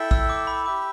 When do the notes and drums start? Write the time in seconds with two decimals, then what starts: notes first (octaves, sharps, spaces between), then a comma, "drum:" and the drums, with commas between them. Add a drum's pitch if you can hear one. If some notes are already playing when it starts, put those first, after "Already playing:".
Already playing: E4 A4 E5 G5
0.11 E6, drum: kick A#1
0.29 D6
0.47 B5
0.66 G4 E5 G5 D6